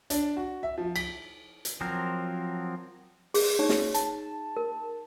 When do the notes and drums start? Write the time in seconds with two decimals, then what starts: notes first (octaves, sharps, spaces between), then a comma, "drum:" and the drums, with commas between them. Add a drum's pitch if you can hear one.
0.10 D4, drum: hi-hat
0.37 F#4
0.63 E5
0.78 F3
0.96 B6, drum: cymbal
1.65 drum: hi-hat
1.81 F3 F#3 C4 A#4
3.34 G#4, drum: open hi-hat
3.59 D#4 C#5
3.69 drum: snare
3.94 A5, drum: hi-hat
4.57 A#4